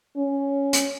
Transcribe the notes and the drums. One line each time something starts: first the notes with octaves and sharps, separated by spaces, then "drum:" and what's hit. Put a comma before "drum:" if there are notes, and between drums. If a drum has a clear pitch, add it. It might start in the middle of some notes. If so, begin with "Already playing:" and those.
C#4
drum: hi-hat